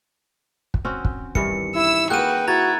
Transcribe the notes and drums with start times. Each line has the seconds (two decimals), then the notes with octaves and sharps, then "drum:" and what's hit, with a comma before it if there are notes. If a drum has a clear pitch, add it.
0.74 drum: kick
0.85 C4 C#4 F#4
1.05 drum: kick
1.35 G2 D#3 E3 C#7, drum: kick
1.76 E4 E6 E7
2.10 A#3 F#4 G#4 B4 F#5 G5 F#6 D#7
2.47 E4 F#4 A#5 G#6 A6